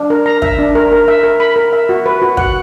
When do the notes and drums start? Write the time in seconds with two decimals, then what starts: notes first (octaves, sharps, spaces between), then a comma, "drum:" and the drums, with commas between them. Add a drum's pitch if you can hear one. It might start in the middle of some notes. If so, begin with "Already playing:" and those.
Already playing: D4
0.10 A#4
0.26 A#5
0.42 E5, drum: kick
0.59 D4
0.75 A#4
0.92 A#4
1.08 E5
1.23 A#4
1.40 B5
1.56 A#4
1.73 E5
1.89 F#4
2.06 B4
2.22 F#4
2.37 F#5, drum: kick